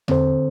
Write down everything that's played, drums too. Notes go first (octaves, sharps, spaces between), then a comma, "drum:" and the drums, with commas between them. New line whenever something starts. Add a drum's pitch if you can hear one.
D3 C4 A4 C5, drum: tom E2